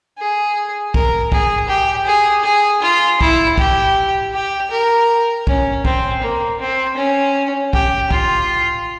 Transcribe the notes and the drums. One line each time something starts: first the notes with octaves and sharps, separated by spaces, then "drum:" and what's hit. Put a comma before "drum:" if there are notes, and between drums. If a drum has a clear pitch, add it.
G#4
A#4, drum: kick
G#4, drum: kick
G4
G#4
G#4
F4
E4, drum: kick
G4, drum: kick
G4
A#4
C#4, drum: kick
C4, drum: kick
A#3
C4
C#4
G4, drum: kick
F4, drum: kick